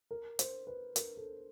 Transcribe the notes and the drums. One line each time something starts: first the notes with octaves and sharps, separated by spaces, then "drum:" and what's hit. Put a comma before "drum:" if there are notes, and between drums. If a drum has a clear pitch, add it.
A#4
C5, drum: hi-hat
B4
A#4, drum: hi-hat
A4